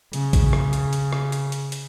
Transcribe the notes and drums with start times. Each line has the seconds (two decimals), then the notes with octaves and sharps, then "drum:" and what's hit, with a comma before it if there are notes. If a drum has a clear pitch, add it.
0.13 C#3, drum: hi-hat
0.33 drum: kick, hi-hat
0.53 drum: rim click
0.73 drum: hi-hat
0.93 drum: hi-hat
1.13 drum: rim click
1.32 drum: hi-hat
1.52 drum: hi-hat
1.72 drum: hi-hat